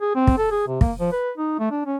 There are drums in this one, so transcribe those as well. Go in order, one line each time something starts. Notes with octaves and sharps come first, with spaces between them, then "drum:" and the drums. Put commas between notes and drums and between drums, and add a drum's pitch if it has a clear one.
G#4
C4
drum: kick
A4
G#4
C3
A#3, drum: kick
F3
B4
D#4
A3
D4
C#4